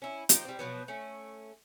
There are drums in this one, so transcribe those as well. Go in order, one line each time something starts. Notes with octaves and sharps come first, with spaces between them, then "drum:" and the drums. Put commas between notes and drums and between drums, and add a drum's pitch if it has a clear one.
C#4 E4
F3 D#4 F4 G4, drum: hi-hat
G3 C4
B2 F3 F#3 B3
A3 C#4